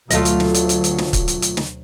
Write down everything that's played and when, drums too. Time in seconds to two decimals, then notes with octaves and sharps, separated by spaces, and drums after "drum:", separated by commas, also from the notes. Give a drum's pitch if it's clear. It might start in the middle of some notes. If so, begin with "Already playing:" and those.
0.11 D2 B2 F#3 A3 F4 D#5, drum: hi-hat
0.25 drum: hi-hat
0.40 drum: snare
0.54 drum: hi-hat
0.69 drum: hi-hat
0.84 drum: hi-hat
0.98 drum: snare
1.13 drum: kick C#1, hi-hat
1.28 drum: hi-hat
1.42 drum: hi-hat
1.57 drum: snare